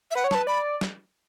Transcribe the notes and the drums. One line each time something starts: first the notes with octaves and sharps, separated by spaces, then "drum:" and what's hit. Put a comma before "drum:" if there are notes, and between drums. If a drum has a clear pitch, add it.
E5
B4 F#5
C#5
B4 A5, drum: snare
D5 B5
drum: snare